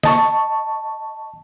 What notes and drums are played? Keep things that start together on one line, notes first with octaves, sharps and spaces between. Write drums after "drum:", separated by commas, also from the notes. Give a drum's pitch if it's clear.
D#5 A5 C#6, drum: snare